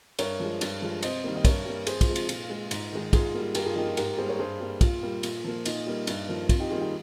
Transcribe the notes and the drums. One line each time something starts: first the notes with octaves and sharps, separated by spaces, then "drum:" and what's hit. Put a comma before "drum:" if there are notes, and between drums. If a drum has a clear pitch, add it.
G2 A#4 C#5, drum: cymbal
F3 G#3
G2, drum: cymbal
F3 G#3
C3 C5 D#5, drum: cymbal
D#3 G3 A#3
D#5
G2 A#4 C#5, drum: kick, cymbal
G3 A#3
F2 G#4 C5, drum: cymbal
F4, drum: kick, cymbal
C3 F3 G#3
F4, drum: cymbal
A#2 F4, drum: cymbal
G#3
G#2, drum: cymbal
D#3 G#3
G#2 F4 G#4, drum: kick, cymbal
G3 A#3
G2 G4 A#4, drum: cymbal
F4 G#4
F3 A#3 D#4 G4
F4
G#2 G4 A#4, drum: cymbal
G3 A#3 G#4 C5
A#4 C#5
G2 G#4 C5
G3 A#3
A#2 F4, drum: kick, cymbal
G3 A#3
A#2, drum: cymbal
F3 A#3
A#2 D#4, drum: cymbal
G3 A#3
G2, drum: cymbal
F3 A#3
F2 F4, drum: kick, cymbal
D#4 G4
D#3 G3 A#3 F4 G#4
D#4 G4